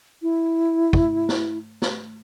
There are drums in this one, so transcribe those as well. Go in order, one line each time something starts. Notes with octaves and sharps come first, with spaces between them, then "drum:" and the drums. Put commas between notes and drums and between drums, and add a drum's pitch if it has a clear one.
E4
drum: kick
drum: snare
drum: snare